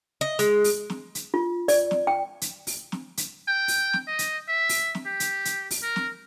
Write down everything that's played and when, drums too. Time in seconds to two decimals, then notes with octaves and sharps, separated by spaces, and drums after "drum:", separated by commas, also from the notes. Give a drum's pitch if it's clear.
0.21 D#5
0.39 G#3, drum: hi-hat
0.64 drum: open hi-hat
0.90 drum: snare
1.15 drum: hi-hat
1.34 F4
1.68 D5, drum: open hi-hat
1.91 drum: snare
2.07 G5
2.41 drum: hi-hat
2.67 drum: open hi-hat
2.92 drum: snare
3.17 drum: hi-hat
3.48 G5
3.68 drum: open hi-hat
3.93 drum: snare
4.07 D#5
4.19 drum: hi-hat
4.48 E5
4.69 drum: open hi-hat
4.95 drum: snare
5.06 G4
5.20 drum: hi-hat
5.45 drum: hi-hat
5.71 drum: open hi-hat
5.83 A#4
5.96 drum: snare